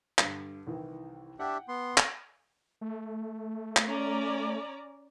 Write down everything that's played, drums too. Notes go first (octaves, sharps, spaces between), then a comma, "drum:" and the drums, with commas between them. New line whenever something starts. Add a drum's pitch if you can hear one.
G2 D3, drum: clap
C2 D#3 E3
D4 G4 E5 F#5 G5
B3 C6
drum: clap
A3
drum: clap
C#4 D5 A#5